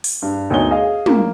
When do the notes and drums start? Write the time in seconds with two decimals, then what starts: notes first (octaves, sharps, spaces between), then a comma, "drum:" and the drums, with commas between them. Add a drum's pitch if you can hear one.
0.04 drum: open hi-hat
0.22 G2
0.50 D2 B2 D#4 C#5 G7
0.70 G#4 D#5 F5
1.06 A#3, drum: tom